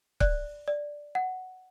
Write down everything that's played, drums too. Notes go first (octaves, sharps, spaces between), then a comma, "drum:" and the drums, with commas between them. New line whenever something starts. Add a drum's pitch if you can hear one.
D5 F#6, drum: kick C#1
D5
F#5